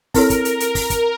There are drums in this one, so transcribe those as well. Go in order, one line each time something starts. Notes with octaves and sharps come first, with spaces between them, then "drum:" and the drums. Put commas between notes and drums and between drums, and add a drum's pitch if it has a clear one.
C4 E4 A4 A#4 C#5, drum: kick, open hi-hat
drum: kick, hi-hat
drum: hi-hat
A#4, drum: hi-hat
drum: kick, open hi-hat
drum: kick, hi-hat